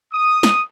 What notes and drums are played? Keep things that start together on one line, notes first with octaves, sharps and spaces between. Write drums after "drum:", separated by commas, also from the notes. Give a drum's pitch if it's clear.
D#6
drum: snare